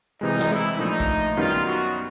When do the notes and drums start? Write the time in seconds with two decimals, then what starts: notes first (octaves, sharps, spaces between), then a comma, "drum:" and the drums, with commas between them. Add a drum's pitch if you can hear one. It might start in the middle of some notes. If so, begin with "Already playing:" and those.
0.21 C3 E3 G#3 D#4
0.39 drum: snare
0.51 E4
0.79 A#2 F3 A3 D4 D#4
1.00 drum: kick
1.37 F#2 D#3 G3 B3 D#4 F4
1.66 F#4